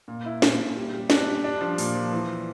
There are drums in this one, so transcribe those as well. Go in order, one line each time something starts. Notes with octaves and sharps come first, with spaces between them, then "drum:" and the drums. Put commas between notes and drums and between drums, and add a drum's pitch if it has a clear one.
A#2
E4
A#2, drum: snare
A#2
G3
G3
D4, drum: snare
G3
D4
F3
A#2, drum: open hi-hat
F3
E3